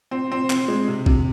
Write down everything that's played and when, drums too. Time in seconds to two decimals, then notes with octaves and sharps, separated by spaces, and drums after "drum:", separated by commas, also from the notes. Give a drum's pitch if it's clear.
0.11 C4
0.32 C4
0.50 C4, drum: clap
0.68 G#3
0.88 C3
1.06 C3, drum: kick A#1